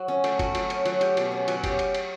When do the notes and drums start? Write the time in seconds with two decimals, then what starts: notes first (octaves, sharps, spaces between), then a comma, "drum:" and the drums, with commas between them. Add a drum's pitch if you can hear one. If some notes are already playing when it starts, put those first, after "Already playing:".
Already playing: F#3 F#4
0.08 C#4
0.24 A3, drum: cymbal
0.39 F#4, drum: kick F#1, cymbal
0.55 F#3, drum: cymbal
0.70 C#4, drum: cymbal
0.86 F#3, drum: cymbal
1.01 G4, drum: cymbal
1.17 B2, drum: cymbal
1.32 C#4
1.48 F#3, drum: cymbal
1.64 G4, drum: kick F#1, cymbal
1.79 drum: cymbal
1.95 drum: cymbal